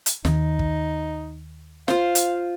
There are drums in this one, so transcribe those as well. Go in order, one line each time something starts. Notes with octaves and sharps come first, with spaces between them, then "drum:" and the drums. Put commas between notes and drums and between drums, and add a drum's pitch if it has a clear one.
drum: hi-hat
D#2 D#3 D#4, drum: snare
drum: kick
F4 C5 F5, drum: snare
drum: hi-hat